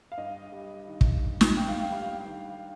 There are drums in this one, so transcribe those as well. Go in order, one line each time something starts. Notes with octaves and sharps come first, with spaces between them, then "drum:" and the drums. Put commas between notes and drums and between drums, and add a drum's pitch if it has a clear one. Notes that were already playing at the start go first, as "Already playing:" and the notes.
F5
G2 D#5
G3
D#3
drum: kick
G2
drum: snare
G2 G5
F5
G5
G3 F5
D#3